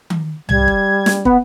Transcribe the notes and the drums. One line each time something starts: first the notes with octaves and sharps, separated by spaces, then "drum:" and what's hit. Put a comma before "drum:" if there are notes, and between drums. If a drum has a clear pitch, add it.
drum: tom D#3
G3 G#6, drum: tom C2
drum: kick
drum: snare
B3, drum: kick